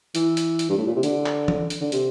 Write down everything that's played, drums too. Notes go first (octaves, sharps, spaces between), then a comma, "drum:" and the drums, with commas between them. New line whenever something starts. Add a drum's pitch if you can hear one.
E3, drum: hi-hat
drum: hi-hat
drum: hi-hat
G2
A2
A#2
C3
D3, drum: hi-hat
drum: clap
drum: tom E3
drum: hi-hat
D3
C3, drum: hi-hat